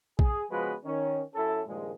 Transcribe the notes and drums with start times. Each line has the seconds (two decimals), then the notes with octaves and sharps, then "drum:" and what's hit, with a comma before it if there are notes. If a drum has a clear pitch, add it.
0.19 G#4, drum: kick A#1
0.50 C#3 F3 G#3 B3 F#4 B4
0.84 D#3 C#4
1.34 F#2 C#4 E4 A4
1.66 G2 A#2 D#3 F3 G#3